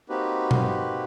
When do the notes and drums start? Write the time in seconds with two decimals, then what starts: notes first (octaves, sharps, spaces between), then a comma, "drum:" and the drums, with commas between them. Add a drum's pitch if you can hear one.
0.09 A#3 C4 D#4 F#4 G4 B4
0.51 drum: tom B2